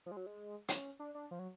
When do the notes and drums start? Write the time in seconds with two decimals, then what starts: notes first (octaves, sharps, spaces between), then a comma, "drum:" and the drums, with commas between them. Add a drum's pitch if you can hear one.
0.06 F3
0.11 G#3
0.17 F#3
0.26 G#3
0.68 C#4, drum: hi-hat
0.99 D4
1.15 D4
1.31 F3
1.39 F#3